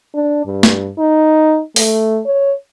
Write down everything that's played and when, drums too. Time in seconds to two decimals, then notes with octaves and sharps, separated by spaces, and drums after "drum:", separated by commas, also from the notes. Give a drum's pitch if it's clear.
0.14 D4
0.46 G2
0.63 drum: snare
0.98 D#4
1.76 A3, drum: open hi-hat
2.26 C#5